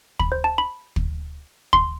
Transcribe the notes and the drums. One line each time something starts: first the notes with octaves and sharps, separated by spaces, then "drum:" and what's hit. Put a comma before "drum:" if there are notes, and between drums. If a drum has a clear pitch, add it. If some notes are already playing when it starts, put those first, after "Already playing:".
B5, drum: kick
C5
A5
B5
drum: kick
C6, drum: kick